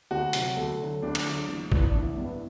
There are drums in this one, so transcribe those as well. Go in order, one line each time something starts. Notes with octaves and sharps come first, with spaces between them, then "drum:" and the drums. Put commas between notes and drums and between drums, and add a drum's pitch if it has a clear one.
D2 F#4
C3 F#3, drum: hi-hat
D2 A4
D3 F#3
D2 D4
drum: cymbal
D3 F#3
A1
G2 E3 B3, drum: kick A1
D4
A1 E4
G2 E3 B3